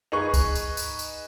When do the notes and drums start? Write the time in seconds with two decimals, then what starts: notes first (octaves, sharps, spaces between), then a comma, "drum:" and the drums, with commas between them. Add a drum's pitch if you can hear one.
0.12 D#4 G#4 B4 C#6
0.34 drum: kick C#2, tambourine
0.55 drum: tambourine
0.77 drum: tambourine
0.99 drum: tambourine